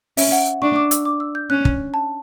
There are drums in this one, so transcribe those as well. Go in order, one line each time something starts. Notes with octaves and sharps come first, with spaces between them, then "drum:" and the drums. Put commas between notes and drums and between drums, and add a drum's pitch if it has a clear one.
C#4 E5, drum: open hi-hat
F#5
D4 C#6
D6
E6, drum: hi-hat
D6
E6
G6
C#4 F#6
drum: kick
A5